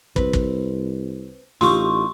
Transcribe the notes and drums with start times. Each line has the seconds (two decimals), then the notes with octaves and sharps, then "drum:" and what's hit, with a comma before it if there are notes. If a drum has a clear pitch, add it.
0.16 C2 C4 B4, drum: kick
0.33 drum: kick
1.61 A1 D#4 F4 G4 C6 C#6, drum: snare